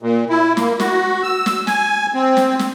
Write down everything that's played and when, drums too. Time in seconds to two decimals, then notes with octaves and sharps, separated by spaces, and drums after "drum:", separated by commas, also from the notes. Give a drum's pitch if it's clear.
0.03 A#2
0.29 E4
0.57 A#3, drum: snare
0.80 F#4, drum: snare
1.23 E6
1.46 drum: snare
1.67 G#5, drum: snare
2.14 C4
2.37 drum: snare
2.59 drum: snare